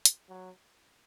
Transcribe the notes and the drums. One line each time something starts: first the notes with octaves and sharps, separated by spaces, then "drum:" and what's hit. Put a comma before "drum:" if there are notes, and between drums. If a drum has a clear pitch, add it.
drum: hi-hat
F#3